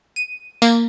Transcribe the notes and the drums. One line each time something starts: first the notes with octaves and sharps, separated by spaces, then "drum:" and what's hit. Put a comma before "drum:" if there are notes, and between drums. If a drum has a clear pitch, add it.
D#7
A#3, drum: tambourine